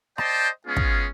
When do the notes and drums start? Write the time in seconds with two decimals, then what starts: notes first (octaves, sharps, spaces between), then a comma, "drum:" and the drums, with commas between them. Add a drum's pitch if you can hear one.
0.18 C5 D5 D#5 G5 A5, drum: rim click
0.67 G#3 B3 C#4 F4 G#4
0.76 drum: kick